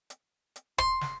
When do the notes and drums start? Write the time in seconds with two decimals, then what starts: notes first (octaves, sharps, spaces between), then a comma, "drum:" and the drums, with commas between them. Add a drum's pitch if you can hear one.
0.10 drum: hi-hat
0.56 drum: hi-hat
0.78 C6, drum: kick
1.01 drum: snare